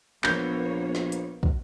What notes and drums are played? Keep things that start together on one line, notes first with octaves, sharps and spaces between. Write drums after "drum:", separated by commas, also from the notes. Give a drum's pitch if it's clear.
A#1 A#3 B3 C#5 G6, drum: clap
drum: snare
drum: hi-hat
drum: kick